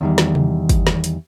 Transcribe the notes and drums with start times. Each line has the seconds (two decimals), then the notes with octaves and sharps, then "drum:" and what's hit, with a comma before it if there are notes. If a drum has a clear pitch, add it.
0.01 E2 D#3 G3
0.18 drum: snare
0.35 drum: tom C3
0.69 drum: kick, hi-hat
0.87 drum: snare
1.04 drum: hi-hat